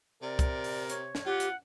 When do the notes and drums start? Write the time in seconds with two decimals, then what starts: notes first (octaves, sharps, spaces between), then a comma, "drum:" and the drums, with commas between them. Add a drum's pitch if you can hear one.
0.22 C3 A#4 D5
0.39 drum: kick C2, hi-hat
0.64 drum: open hi-hat
0.89 C#5, drum: hi-hat
1.15 drum: snare
1.26 F4 G4 F#5
1.40 drum: hi-hat